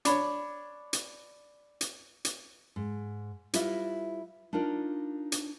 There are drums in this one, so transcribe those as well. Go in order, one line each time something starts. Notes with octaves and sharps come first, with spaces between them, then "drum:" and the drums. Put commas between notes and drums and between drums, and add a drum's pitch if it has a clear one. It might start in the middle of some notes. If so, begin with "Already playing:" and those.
D4 C#5 B5 D6, drum: hi-hat
drum: hi-hat
drum: hi-hat
drum: hi-hat
G#2
G3 E4 F4 B4 D#5 E5, drum: hi-hat
D4 D#4 F4 A#4 D5
drum: hi-hat